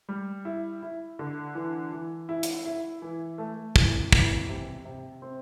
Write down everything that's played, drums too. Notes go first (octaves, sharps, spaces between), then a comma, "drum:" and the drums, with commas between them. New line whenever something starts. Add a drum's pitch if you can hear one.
G3
E4
E4
D3
E3
E3
E4
drum: hi-hat
E4
E3
A3
E3, drum: kick
E3, drum: kick
C3
C3
C4